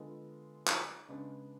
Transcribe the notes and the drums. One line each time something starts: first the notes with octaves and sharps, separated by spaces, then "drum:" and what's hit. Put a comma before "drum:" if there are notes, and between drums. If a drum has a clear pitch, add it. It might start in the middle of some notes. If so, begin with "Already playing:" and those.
Already playing: D3 G#3 B3 F4 A4
drum: clap
C#3 G#3 B3 D4